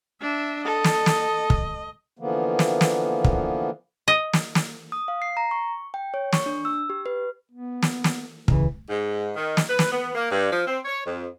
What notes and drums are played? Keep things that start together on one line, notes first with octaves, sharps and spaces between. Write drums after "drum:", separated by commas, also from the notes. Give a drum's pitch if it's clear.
D4 E5
A4 D#5
drum: snare
drum: snare
drum: kick
D3 E3 F3 A#3 B3
drum: snare
drum: snare
drum: kick
D#5
drum: snare
drum: snare
D#6
F5
C7
A#5
C#6
G5
C#5
C#6, drum: snare
D4
E6
G4
B4
B3
drum: snare
drum: snare
C#2 C#3 E3, drum: kick
G#2
D#3
drum: snare
B4
drum: snare
B3
A#3
G2
F3
C4
C#5
F2